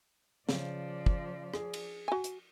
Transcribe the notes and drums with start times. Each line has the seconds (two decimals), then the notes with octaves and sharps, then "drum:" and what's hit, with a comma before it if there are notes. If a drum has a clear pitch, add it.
0.49 C#3 F3 D5, drum: snare
1.06 drum: kick
1.54 G#4, drum: rim click
1.74 drum: cymbal
2.08 F#4 G#5
2.24 drum: hi-hat